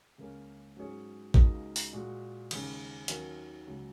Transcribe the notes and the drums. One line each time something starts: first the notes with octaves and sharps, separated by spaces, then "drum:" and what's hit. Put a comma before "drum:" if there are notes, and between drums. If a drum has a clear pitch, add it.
C#2 C#3 A#3 C#4
G#2 F#3 C#4 G#4 C#5
C#2 C#3 A#3 D#4 F#4, drum: kick A1
drum: open hi-hat
A#2 G#3 F#4
D#2 C#3 G#3 C#4, drum: cymbal
D#2 D#3 F#3 C#4 A#4, drum: hi-hat
C#2 C#3 F#3